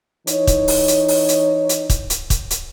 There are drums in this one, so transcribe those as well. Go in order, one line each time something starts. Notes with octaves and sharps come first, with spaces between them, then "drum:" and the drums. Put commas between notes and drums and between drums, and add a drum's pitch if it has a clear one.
E3 D#4 C#5, drum: hi-hat
drum: kick, hi-hat
drum: open hi-hat
drum: hi-hat
drum: open hi-hat
drum: hi-hat
drum: hi-hat
drum: kick, hi-hat
drum: hi-hat
drum: kick, hi-hat
drum: hi-hat